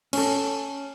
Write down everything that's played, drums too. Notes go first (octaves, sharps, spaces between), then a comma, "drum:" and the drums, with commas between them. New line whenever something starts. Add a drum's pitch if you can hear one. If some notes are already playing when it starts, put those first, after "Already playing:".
C#4 A4, drum: cymbal